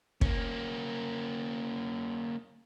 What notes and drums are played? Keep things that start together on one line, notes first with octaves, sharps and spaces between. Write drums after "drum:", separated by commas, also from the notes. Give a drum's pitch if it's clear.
A#3 C#4, drum: kick